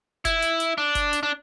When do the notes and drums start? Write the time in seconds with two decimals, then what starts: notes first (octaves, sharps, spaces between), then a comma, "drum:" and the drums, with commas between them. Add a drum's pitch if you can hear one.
0.25 E4, drum: kick F#1, hi-hat
0.42 drum: hi-hat
0.60 drum: hi-hat
0.78 D4
0.95 drum: kick F#1, hi-hat
1.13 drum: hi-hat
1.23 D4